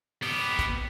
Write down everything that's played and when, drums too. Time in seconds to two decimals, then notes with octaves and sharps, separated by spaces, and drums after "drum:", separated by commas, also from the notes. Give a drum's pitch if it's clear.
0.22 B3 G4, drum: open hi-hat
0.59 drum: kick A1, hi-hat